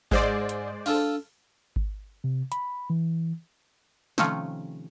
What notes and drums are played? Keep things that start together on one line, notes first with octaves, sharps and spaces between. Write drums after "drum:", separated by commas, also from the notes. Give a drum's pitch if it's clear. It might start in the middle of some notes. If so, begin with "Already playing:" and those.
G#2 G#3 C5 D5, drum: kick G#1
drum: hi-hat
D4 F4 A4, drum: open hi-hat
drum: kick G#1
C3
B5, drum: hi-hat
E3
C3 D#3 F3 A3 C#4 F4, drum: snare